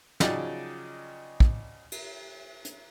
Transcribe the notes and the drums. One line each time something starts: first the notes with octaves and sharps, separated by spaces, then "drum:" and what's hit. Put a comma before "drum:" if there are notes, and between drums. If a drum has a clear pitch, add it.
C#3 F3 F#3 D#4 D5 G5, drum: snare
drum: kick
drum: cymbal
drum: hi-hat